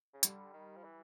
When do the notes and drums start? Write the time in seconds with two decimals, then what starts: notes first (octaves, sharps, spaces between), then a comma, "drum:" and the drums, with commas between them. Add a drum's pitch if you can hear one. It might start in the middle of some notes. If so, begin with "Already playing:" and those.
0.13 C#3
0.23 D3 G3, drum: hi-hat
0.53 D#3
0.77 F3
0.84 E3